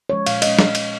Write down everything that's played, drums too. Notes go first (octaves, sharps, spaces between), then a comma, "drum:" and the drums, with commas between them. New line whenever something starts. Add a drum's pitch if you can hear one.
F3 G#3 C#4 C#5
A#2 F5, drum: cymbal
F3 G#3 C#4 D#5, drum: cymbal
drum: snare
drum: cymbal